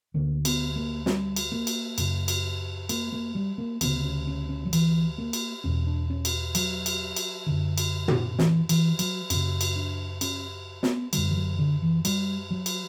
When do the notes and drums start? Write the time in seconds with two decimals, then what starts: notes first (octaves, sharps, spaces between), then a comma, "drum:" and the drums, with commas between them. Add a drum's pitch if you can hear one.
0.14 D2 D3 A#3
0.45 B3, drum: cymbal
0.76 A#3
1.06 G3, drum: snare
1.36 drum: cymbal
1.52 A#3
1.67 drum: cymbal
1.98 F#2 C#3, drum: cymbal
2.28 drum: cymbal
2.89 A#3, drum: cymbal
3.12 A#3
3.35 G3
3.58 A#3
3.81 D2 C#3 B3, drum: cymbal
4.04 C#4
4.27 C#4
4.49 C#4
4.65 F#3
4.73 E3, drum: cymbal
5.18 A#3
5.33 drum: cymbal
5.64 E2 B2 C#4
5.87 D4
6.10 C#4
6.25 drum: cymbal
6.55 F#3, drum: cymbal
6.86 drum: cymbal
7.16 drum: cymbal
7.46 F#2 D3
7.78 drum: cymbal
8.08 drum: tom
8.39 E3, drum: snare
8.69 E3, drum: cymbal
8.99 F#3, drum: cymbal
9.30 F#2 C#3 C#4, drum: cymbal
9.61 drum: cymbal
9.76 D4
10.21 C#4, drum: cymbal
10.83 B3, drum: snare
11.13 F#2 D3 G3, drum: cymbal
11.31 E3
11.36 F#3
11.59 D3
11.82 E3
12.05 G3, drum: cymbal
12.51 F#3
12.66 drum: cymbal